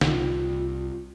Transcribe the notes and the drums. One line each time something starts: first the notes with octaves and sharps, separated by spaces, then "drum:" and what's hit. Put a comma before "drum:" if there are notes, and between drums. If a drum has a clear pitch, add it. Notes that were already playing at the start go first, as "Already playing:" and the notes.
C2 F4, drum: snare